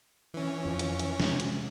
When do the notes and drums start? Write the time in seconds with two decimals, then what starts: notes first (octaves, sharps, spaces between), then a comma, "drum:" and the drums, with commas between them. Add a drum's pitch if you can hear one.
0.34 E3 C#4
0.65 F2 F3
0.79 drum: hi-hat
0.99 drum: hi-hat
1.20 C3 G#3, drum: snare
1.40 drum: hi-hat